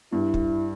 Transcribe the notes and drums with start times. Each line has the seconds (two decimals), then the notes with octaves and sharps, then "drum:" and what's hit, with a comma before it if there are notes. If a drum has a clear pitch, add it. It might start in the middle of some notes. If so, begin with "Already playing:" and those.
0.13 G2 E4
0.34 drum: kick